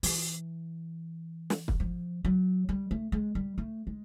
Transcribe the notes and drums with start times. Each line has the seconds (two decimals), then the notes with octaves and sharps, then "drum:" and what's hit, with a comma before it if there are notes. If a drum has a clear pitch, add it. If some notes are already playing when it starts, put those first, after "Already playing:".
0.03 E3, drum: open hi-hat
1.50 drum: snare
1.68 drum: kick
1.80 F3
2.25 F#3
2.69 G3
2.91 A3
3.12 G#3
3.35 G3
3.58 A3
3.87 G#3